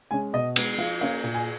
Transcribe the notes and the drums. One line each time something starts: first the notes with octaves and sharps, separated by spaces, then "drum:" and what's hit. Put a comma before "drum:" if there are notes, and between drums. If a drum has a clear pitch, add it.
G#3 C#4 G#5
B2 D#5
G#3 B3, drum: cymbal
F3 F5
A#3 C#4 F5
A#2
G#5